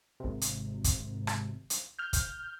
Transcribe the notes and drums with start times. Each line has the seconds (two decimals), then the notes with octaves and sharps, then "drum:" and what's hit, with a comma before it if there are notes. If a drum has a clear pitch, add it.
0.20 G#1 C3
0.41 drum: hi-hat
0.84 drum: kick, hi-hat
1.27 drum: rim click
1.70 drum: hi-hat
1.99 F6 G6
2.13 drum: kick, hi-hat